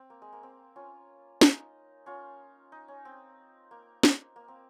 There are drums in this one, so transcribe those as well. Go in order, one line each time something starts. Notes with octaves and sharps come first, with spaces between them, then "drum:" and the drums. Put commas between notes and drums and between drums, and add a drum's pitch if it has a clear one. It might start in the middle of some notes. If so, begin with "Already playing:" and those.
Already playing: C4
A#3
G#3
A#3
C4
C#4 F4
D#4, drum: snare
C#4 F4
D#4
C#4
C4
A#3
drum: snare
A#3
C4